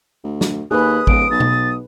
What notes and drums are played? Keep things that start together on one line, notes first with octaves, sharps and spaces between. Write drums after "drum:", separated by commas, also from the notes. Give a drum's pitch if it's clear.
D2
drum: snare
D#2 G#4 B4 D#6 F#6
D1 D7, drum: kick A1
B1 A6
drum: tom B2